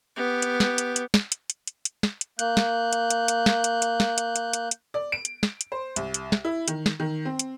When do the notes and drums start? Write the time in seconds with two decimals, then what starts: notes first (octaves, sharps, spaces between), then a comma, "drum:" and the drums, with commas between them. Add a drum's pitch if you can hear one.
0.16 B3 G4
0.42 drum: hi-hat
0.60 drum: snare
0.78 drum: hi-hat
0.96 drum: hi-hat
1.14 drum: snare
1.32 drum: hi-hat
1.50 drum: hi-hat
1.67 drum: hi-hat
1.85 drum: hi-hat
2.03 drum: snare
2.21 drum: hi-hat
2.39 A#3 F#6 G6, drum: hi-hat
2.57 drum: snare
2.93 drum: hi-hat
3.10 drum: hi-hat
3.28 drum: hi-hat
3.46 drum: snare
3.64 drum: hi-hat
3.82 drum: hi-hat
4.00 drum: snare
4.18 drum: hi-hat
4.36 drum: hi-hat
4.53 drum: hi-hat
4.71 drum: hi-hat
4.94 D5
5.12 D7
5.25 drum: hi-hat
5.43 drum: snare
5.61 drum: hi-hat
5.72 C5
5.96 C2, drum: hi-hat
6.14 drum: hi-hat
6.32 drum: snare
6.45 E4
6.68 D#3, drum: hi-hat
6.86 drum: snare
7.00 D#3
7.25 C4
7.39 drum: hi-hat